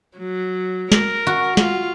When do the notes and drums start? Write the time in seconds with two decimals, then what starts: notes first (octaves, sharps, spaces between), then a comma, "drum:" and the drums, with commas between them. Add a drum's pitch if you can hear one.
0.17 F#3
0.92 A#4, drum: snare
1.27 F#4
1.57 F4, drum: snare